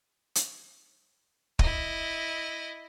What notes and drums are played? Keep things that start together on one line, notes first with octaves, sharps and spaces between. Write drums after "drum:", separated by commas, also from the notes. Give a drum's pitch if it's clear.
drum: hi-hat
E4 D#5, drum: kick